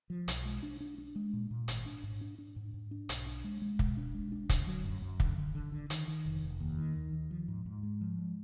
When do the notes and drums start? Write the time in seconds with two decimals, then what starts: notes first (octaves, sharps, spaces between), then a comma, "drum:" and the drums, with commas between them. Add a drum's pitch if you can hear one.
0.10 F3
0.28 B1, drum: hi-hat
0.45 G#3
0.63 D4
0.80 D4
0.98 D4
1.16 G#3
1.33 A#2
1.51 A#2
1.68 G#1, drum: hi-hat
1.86 D4
2.04 G#2
2.21 D4
2.38 D4
2.56 G#2
2.74 G#2
2.91 D4
3.09 B1, drum: hi-hat
3.26 D4
3.44 G#3
3.62 G#3
3.79 B2, drum: kick
3.97 D4
4.14 G#3
4.32 D4
4.49 D3, drum: kick, hi-hat
4.67 F#3
4.85 F#2
5.02 F#2
5.20 D3, drum: kick
5.38 D3
5.55 D3
5.72 D3
5.90 D#3, drum: hi-hat
6.08 D#3
6.25 F1
6.43 F1
6.60 D#2
6.78 D#3
6.95 D#2
7.13 D#2
7.31 F3
7.48 G#2
7.66 G#2
7.83 G#3
8.01 F3
8.19 G#3